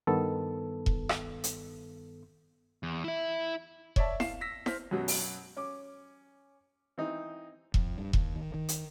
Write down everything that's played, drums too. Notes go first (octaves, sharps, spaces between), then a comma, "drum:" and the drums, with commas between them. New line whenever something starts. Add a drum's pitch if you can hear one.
G2 D#3 B3 A4
drum: kick E1
drum: rim click
drum: hi-hat
E2
E4 E5
C#5 D5 E5 A5, drum: kick E1
F5 C7 E7, drum: snare E4
E6 A#6 B6
C5 F6 B6, drum: snare E4
F#2 B2 F#3
drum: open hi-hat
C#4 D6
E3 C4 D#4
F2, drum: kick E1
G2
D#2, drum: kick E1
D#3
D#3
drum: hi-hat